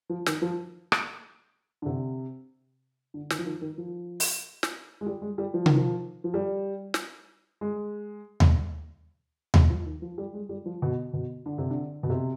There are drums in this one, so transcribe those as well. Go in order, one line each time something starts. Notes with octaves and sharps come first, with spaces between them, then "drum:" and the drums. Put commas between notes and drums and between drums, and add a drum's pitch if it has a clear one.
F3
D#3, drum: snare
F3
drum: rim click
D3
C3
D3
D#3, drum: snare
F3
D#3
D#3
F3
drum: open hi-hat
drum: snare
G#3
G3
G#3
G3
F3
D#3, drum: tom C3
F3
F3
G3
drum: snare
G#3
drum: tom D#2
G3, drum: tom D#2
F3
D#3
F3
G3
G#3
G3
F3
B2
B2
D3
C3
D3
B2
C3